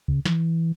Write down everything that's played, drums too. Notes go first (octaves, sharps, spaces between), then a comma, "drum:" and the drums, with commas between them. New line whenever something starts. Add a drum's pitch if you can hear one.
C#3, drum: kick
E3, drum: snare